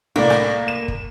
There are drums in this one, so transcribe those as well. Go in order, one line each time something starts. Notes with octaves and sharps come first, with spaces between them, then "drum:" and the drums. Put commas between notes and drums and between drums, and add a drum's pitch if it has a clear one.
C2 A2 A#3 D5
drum: rim click
E7
drum: kick